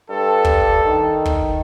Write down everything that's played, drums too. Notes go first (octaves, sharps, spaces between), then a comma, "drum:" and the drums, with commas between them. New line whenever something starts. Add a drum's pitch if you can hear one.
G2 A4
drum: kick
D#3
drum: kick